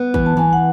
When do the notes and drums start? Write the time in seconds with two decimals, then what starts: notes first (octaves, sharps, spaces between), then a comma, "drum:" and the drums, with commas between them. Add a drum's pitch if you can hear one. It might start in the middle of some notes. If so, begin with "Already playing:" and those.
Already playing: B3
0.14 E3, drum: kick
0.26 A5
0.37 E3 G#5
0.53 F#5